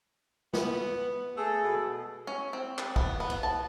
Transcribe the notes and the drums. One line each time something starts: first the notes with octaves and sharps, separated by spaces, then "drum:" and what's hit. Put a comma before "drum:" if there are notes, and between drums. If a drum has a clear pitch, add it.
B3, drum: snare
A3 G#4 A4
B2
C#4
C4
drum: clap
B3, drum: kick
B3
drum: cymbal
A5